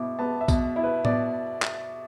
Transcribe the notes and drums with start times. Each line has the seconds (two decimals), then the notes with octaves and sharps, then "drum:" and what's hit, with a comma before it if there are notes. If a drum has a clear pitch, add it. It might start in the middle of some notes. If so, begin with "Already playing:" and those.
Already playing: B2 E4 D6
0.19 B3 A5
0.41 E5
0.48 B2, drum: kick A#1, tambourine
0.76 E4
0.84 B4
1.05 B2 D5, drum: tom A2
1.62 drum: clap